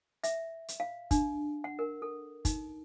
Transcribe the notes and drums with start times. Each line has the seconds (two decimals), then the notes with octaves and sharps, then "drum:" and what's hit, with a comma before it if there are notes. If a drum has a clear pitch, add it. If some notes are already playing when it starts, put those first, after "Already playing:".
0.24 E5, drum: hi-hat
0.68 drum: hi-hat
0.80 F5
1.11 D4, drum: kick, hi-hat
1.64 F#5
1.79 A#4
2.02 A4
2.45 D#4, drum: kick, hi-hat